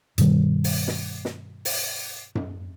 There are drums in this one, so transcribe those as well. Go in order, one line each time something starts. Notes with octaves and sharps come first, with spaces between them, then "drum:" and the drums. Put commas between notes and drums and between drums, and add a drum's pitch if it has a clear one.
G2 B2 D#3 G3, drum: hi-hat
drum: open hi-hat
drum: snare
drum: snare
drum: open hi-hat
drum: tom F#2